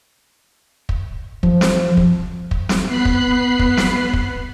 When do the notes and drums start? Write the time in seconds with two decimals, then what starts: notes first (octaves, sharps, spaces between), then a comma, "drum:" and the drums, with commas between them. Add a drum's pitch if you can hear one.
0.89 drum: kick
1.43 F3, drum: kick
1.61 drum: snare
1.97 drum: kick
2.51 drum: kick
2.69 drum: snare
2.87 B3 B5 F#6 C7
3.05 drum: kick
3.59 drum: kick
3.77 drum: snare
4.13 drum: kick